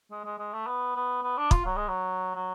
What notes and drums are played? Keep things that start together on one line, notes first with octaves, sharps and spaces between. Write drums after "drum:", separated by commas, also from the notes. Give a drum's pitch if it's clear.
G#3
G#3
G#3
A3
B3
B3
B3
D4
F4, drum: kick
F#3
G#3
F#3
F#3